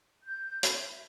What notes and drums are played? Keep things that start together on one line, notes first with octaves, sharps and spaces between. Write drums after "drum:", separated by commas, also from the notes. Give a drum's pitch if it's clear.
G6
B5, drum: hi-hat
E5